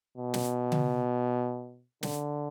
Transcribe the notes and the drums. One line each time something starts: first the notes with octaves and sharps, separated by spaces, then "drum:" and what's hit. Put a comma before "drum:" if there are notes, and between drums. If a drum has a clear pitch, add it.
B2
drum: snare
drum: tom C#3
D3, drum: snare